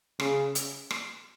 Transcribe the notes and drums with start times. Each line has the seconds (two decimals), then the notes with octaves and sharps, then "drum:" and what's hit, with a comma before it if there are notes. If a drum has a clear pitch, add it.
0.20 C#3, drum: rim click
0.55 drum: hi-hat
0.91 drum: rim click